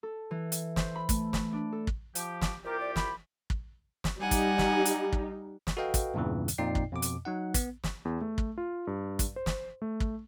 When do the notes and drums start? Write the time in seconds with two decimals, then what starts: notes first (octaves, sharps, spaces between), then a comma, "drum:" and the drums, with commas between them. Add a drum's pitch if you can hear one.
0.03 A4
0.31 E3
0.52 drum: hi-hat
0.76 C5, drum: snare
0.96 B5
1.09 A3, drum: kick, hi-hat
1.33 drum: snare
1.53 D4
1.72 A4
1.87 drum: kick
2.15 F3 G4, drum: hi-hat
2.41 drum: snare
2.65 C2 F4 G4 A#4
2.80 D5
2.96 B5, drum: snare
3.50 drum: kick
4.04 drum: snare
4.21 G3 D#4 F#5 G#5
4.31 drum: kick, hi-hat
4.58 drum: snare
4.85 drum: hi-hat
5.13 drum: kick
5.67 drum: snare
5.77 F#4 A4 B4 D#5 F5 G5
5.94 drum: kick, hi-hat
6.14 E2 G2 A#2 C#3 E3
6.48 drum: hi-hat
6.58 F2 A#2 D#4 D5 G5 C7
6.75 drum: kick
6.92 F2 B2 D6
7.02 drum: hi-hat
7.25 F#3 D#4 F#5
7.54 B3, drum: kick, hi-hat
7.84 drum: snare
8.05 E2
8.21 A3
8.38 drum: kick
8.58 F4
8.87 G2
9.19 drum: kick, hi-hat
9.36 C5
9.46 drum: snare
9.82 A3
10.00 drum: kick